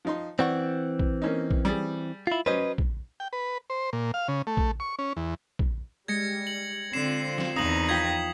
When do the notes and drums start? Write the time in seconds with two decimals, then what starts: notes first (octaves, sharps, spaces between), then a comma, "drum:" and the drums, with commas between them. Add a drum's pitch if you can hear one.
0.05 F3 D#4 C6
0.39 E3 C4 D5 F#5 C#6
0.99 drum: kick
1.22 A#3 C#4 D#4
1.51 drum: kick
1.65 G3 G#4
2.27 E4 F4
2.46 F#3 C#4 B4 C5 D#5
2.78 drum: kick
3.20 G5
3.33 B4
3.70 C5
3.93 A#2
4.14 F5
4.28 C#3
4.47 A3
4.57 drum: kick
4.80 C#6
4.99 C#4
5.17 E2
5.59 drum: kick
6.08 G3 G#3 G#6 A#6 C#7
6.47 F#7
6.93 D3 C4 F4 C7 E7
7.38 drum: snare
7.56 E2 D#4 A#4 A#5 D#6 F#7
7.89 F3 F4 G5 G#6 B6